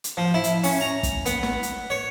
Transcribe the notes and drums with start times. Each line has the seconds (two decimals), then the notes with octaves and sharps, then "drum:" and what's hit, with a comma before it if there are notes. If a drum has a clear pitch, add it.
0.04 drum: hi-hat
0.17 F3
0.34 E4
0.44 drum: hi-hat
0.64 C#4, drum: open hi-hat
0.81 A#5
1.03 drum: kick, hi-hat
1.26 B3, drum: hi-hat
1.43 drum: snare
1.63 drum: hi-hat
1.90 C#5